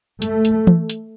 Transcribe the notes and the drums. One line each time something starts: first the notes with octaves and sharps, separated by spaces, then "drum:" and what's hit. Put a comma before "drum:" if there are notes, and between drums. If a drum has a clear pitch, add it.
A3, drum: hi-hat
drum: hi-hat
drum: tom E3
drum: hi-hat